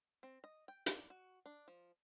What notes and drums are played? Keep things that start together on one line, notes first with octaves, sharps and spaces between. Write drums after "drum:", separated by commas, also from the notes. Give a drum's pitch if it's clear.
C4
D#5
G5
D5, drum: hi-hat
F#4
D4
F3